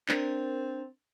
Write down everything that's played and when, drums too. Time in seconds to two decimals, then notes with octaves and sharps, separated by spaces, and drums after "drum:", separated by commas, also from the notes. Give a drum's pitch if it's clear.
0.09 C4 D4 A#4, drum: clap